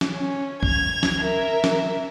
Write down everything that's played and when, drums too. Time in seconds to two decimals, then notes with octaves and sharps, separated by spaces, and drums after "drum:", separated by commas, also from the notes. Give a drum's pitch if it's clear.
0.01 drum: snare
0.11 C#4
0.63 G#6 F7, drum: kick
1.03 drum: snare
1.23 A#4 E5
1.64 drum: snare